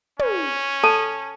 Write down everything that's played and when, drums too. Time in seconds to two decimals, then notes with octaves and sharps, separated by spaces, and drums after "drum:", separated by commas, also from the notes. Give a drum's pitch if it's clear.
0.19 C#4, drum: tom
0.83 A4 A5